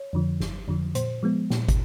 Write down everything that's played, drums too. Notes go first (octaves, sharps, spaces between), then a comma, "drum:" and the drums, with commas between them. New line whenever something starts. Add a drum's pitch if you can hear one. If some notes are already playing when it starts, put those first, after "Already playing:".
Already playing: C#5
F2 D3 F3
G1, drum: snare
F2 D3 F3
A#2 C5, drum: hi-hat
F3 G#3 B3
A#2, drum: snare
drum: kick, hi-hat